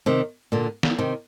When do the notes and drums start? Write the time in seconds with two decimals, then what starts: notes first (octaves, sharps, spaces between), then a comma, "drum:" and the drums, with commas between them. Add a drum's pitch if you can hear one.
0.06 C3 D#3
0.52 A#2 D3
0.83 drum: snare
0.99 C3 D#3